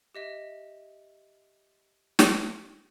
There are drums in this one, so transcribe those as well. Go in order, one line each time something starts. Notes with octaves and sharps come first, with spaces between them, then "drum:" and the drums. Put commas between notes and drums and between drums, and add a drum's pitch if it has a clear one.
G4 D#5 E5
drum: snare